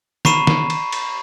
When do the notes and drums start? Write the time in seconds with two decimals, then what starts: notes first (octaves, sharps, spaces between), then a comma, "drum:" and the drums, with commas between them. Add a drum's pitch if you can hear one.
0.25 A#5 B5 C#6 C7 D#7 E7, drum: snare
0.47 drum: snare
0.70 drum: cymbal
0.92 drum: cymbal